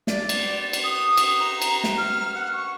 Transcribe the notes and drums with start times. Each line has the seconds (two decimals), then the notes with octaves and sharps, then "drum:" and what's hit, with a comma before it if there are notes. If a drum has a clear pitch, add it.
0.07 D5, drum: snare
0.29 drum: cymbal
0.73 drum: cymbal
0.84 D#6
1.17 drum: cymbal
1.40 A#5
1.62 drum: cymbal
1.84 drum: snare
1.98 F6
2.34 F#5
2.53 C#6